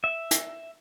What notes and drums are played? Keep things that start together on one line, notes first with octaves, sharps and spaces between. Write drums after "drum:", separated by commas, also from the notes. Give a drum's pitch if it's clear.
E5
drum: hi-hat